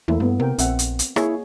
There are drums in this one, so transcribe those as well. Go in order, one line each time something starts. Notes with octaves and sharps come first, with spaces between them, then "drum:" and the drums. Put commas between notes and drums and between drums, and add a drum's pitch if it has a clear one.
E2 A3 A#3 E4
G2 A3 B3
C3 A#4 G5
A#1 C4 E5 F#5, drum: hi-hat
drum: hi-hat
drum: hi-hat
A#3 E4 G#4 C#5, drum: rim click